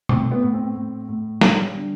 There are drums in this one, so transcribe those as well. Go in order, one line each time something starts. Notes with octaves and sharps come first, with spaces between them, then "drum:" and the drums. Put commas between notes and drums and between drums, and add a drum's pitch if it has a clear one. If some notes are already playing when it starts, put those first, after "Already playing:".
A2 C4, drum: tom B2
B3
A2
C4
A2
A2
G3, drum: snare
D3